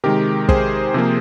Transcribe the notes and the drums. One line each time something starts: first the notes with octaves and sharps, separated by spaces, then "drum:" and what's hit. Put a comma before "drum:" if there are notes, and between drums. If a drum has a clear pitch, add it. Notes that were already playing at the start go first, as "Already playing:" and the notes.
C3 D#3 G#3 G4 A#4
G#4 C5, drum: kick
C3 F3 A#3